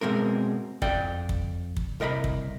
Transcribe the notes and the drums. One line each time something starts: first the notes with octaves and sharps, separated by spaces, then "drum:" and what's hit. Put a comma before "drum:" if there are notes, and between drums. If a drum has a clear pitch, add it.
B2 G#3 C4 A#4
F2 D5 G5, drum: kick
drum: kick
drum: kick
C2 A#4 D#5 A#5 B5
drum: kick